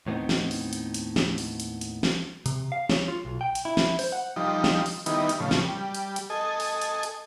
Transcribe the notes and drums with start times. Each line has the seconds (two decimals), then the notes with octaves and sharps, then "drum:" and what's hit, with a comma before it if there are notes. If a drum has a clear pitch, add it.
0.06 D#2 A2 B3 C4 D#4
0.29 drum: snare
0.51 drum: open hi-hat
0.73 drum: hi-hat
0.94 drum: hi-hat
1.16 drum: snare
1.38 drum: open hi-hat
1.60 drum: hi-hat
1.81 drum: hi-hat
2.03 drum: snare
2.46 C3, drum: hi-hat
2.72 F5
2.90 C#5, drum: snare
3.08 F4
3.25 B1
3.41 G5
3.55 drum: hi-hat
3.65 E4
3.77 drum: snare
3.99 C5, drum: open hi-hat
4.12 F#5
4.36 F3 G3 D#4
4.64 drum: snare
4.86 drum: open hi-hat
5.06 D#3 G3 B3 D#4 E4, drum: hi-hat
5.29 drum: hi-hat
5.40 A2 C#3 F3
5.51 drum: snare
5.64 G3
5.95 drum: hi-hat
6.16 drum: hi-hat
6.30 A4 D#5 G#5
6.60 drum: open hi-hat
6.81 drum: hi-hat
7.03 drum: hi-hat